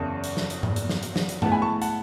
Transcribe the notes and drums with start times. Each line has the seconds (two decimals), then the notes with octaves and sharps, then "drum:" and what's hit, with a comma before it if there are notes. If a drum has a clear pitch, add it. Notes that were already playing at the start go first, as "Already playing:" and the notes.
Already playing: F#1 E2 C#3 A5 C#6
0.24 drum: hi-hat
0.37 drum: snare
0.50 drum: hi-hat
0.63 drum: tom G#2
0.76 drum: hi-hat
0.89 drum: snare
1.03 drum: hi-hat
1.16 drum: snare
1.29 drum: hi-hat
1.42 A2 G#3 B3 E4 F#5 A5, drum: tom G2
1.52 G#5 B5
1.62 A5 C#6
1.82 F#5 A5, drum: hi-hat